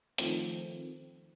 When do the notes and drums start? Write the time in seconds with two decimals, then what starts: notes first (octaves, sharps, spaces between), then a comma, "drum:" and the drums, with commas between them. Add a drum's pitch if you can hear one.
0.18 D#3 F3 A3 C4, drum: hi-hat